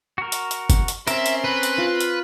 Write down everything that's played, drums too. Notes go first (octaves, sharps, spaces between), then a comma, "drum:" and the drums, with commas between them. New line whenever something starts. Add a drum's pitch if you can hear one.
F#4 A#4
drum: hi-hat
drum: hi-hat
drum: kick G1, hi-hat
drum: hi-hat
C4 C#4 A#4 E5 C6 D6, drum: hi-hat
drum: hi-hat
B4
drum: hi-hat
F4
drum: hi-hat